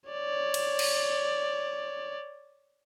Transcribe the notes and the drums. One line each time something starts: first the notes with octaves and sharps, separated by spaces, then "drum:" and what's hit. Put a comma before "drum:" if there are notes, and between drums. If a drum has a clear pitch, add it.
C#5 D5
drum: cymbal
drum: cymbal